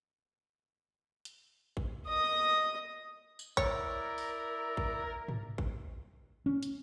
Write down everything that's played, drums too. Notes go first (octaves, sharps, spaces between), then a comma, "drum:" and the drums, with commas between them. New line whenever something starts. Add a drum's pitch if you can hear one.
drum: hi-hat
drum: kick
D#5 D#6
drum: tambourine
E4 A#4 C#5 D5, drum: kick
drum: open hi-hat
drum: kick
drum: tom
drum: kick
C#4
drum: hi-hat